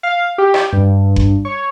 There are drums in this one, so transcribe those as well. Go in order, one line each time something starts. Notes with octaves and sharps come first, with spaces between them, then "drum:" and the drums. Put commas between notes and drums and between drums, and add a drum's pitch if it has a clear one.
F5
G4
drum: rim click
G2
drum: kick F#1
C#5